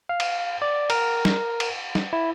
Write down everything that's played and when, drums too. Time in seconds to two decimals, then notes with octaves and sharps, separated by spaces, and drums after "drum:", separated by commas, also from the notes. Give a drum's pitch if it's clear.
0.09 F5
0.20 drum: cymbal
0.62 D5
0.90 A#4, drum: cymbal
1.25 drum: snare
1.60 drum: cymbal
1.95 drum: snare
2.13 E4